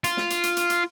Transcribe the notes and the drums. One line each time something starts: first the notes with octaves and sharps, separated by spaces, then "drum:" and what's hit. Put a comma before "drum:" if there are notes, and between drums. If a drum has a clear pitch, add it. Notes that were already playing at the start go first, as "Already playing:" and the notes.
F4, drum: hi-hat
drum: snare
drum: hi-hat
drum: hi-hat
drum: hi-hat
drum: hi-hat